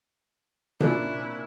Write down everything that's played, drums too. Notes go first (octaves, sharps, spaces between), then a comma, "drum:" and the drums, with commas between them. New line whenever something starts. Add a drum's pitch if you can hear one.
C3 A#3 C#4 D4 E4 F4 F#6, drum: tom B2